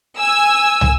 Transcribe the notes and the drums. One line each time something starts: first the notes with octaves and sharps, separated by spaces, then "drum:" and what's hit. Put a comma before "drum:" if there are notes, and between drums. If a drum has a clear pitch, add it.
G#5 E6
drum: tom